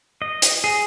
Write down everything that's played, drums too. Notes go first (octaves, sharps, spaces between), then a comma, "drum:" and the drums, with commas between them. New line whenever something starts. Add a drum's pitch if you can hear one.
D#5
drum: hi-hat
G#4